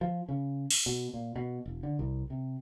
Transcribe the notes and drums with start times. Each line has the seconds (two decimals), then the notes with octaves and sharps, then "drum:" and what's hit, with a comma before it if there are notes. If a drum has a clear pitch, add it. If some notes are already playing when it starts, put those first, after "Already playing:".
0.01 F3
0.29 C#3
0.70 drum: open hi-hat
0.86 B2
1.14 A#2
1.36 B2
1.66 E1
1.83 D3
1.99 C2
2.30 C3